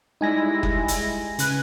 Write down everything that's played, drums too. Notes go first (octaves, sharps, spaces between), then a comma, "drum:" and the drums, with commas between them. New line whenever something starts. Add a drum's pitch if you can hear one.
G3 G#3 D#4 E4 G#5 A#6
drum: kick F#1
drum: hi-hat
C#3 B4 G#5 F#6, drum: hi-hat